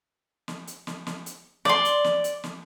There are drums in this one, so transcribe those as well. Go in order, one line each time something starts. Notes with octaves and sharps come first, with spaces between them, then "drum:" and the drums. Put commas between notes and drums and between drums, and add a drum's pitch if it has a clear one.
drum: snare
drum: hi-hat
drum: snare
drum: snare
drum: hi-hat
D5 C6, drum: snare
drum: hi-hat
drum: snare
drum: hi-hat
drum: snare